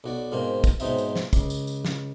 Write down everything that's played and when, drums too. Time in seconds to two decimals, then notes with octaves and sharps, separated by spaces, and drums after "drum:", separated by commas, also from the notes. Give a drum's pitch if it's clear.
0.04 B1 F#4 D5
0.32 G#2 B2 A#3 C4
0.64 drum: kick, tambourine
0.80 G#2 B2 F#3 C4 D#4 E5, drum: tambourine
0.98 drum: tambourine
1.16 drum: snare
1.33 C#2, drum: kick, tambourine
1.50 drum: tambourine
1.67 drum: tambourine
1.85 drum: snare